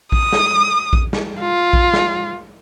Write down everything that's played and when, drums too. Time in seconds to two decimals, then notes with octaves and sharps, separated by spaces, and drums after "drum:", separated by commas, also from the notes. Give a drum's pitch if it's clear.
0.12 D#6, drum: kick A#1
0.32 drum: snare
0.93 drum: kick A#1
1.13 drum: snare
1.41 F4
1.73 drum: kick A#1
1.94 drum: snare